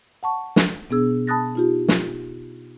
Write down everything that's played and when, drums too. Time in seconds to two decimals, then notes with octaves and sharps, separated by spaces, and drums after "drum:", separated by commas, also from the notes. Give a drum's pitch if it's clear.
0.23 F#5 A5 C#6
0.56 drum: snare
0.90 B2 B3 D4 G#4 E6
1.27 A5 B5 D#6 F#6 A6 A#6
1.55 D#4 F4 G4
1.88 drum: snare